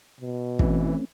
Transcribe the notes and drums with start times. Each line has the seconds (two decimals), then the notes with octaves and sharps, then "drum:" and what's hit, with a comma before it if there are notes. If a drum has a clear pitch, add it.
0.20 B2
0.59 E3 A3 C4 C#4, drum: kick